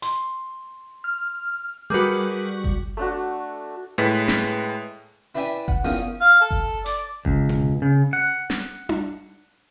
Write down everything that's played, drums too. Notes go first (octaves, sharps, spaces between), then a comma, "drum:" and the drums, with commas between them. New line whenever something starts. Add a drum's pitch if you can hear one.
C6, drum: hi-hat
F6
G3 F#4 G#4 A#4 B4
drum: kick F#1
A3 D4 F#4
A2 G#3 B4 B6
drum: snare
E4 B4 D5 E5 G5 G#5
F#5, drum: kick F#1
E2 D#3 F3 C#4 D#6
F5
A4
drum: kick F#1
D5, drum: hi-hat
C#2, drum: kick F#1
drum: tom B2
C#3
F#5
drum: snare
drum: tom D4